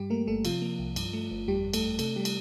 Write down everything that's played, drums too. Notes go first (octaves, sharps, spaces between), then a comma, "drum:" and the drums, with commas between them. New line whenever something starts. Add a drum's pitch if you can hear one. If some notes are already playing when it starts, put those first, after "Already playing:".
Already playing: G2 G3 G4
A3 A#3 A#4
G1 A3 A4
C3 F3 F4, drum: cymbal
A#3
C2
G2, drum: cymbal
A3
G1
F2 G3 G4
G1
A3 A4, drum: cymbal
G1
C3 A3 A4, drum: cymbal
G3 G4
drum: cymbal